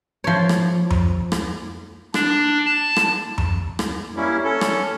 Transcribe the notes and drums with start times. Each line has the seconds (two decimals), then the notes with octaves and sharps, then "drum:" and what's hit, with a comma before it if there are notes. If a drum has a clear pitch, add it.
0.24 F3 C#5
0.49 drum: rim click
0.90 drum: tom F2
1.32 drum: rim click
2.14 D4, drum: rim click
2.65 A5
2.96 drum: rim click
3.38 drum: tom F2
3.79 drum: rim click
4.17 G3 A#3 C#4 E4
4.44 C#4 A4
4.61 drum: rim click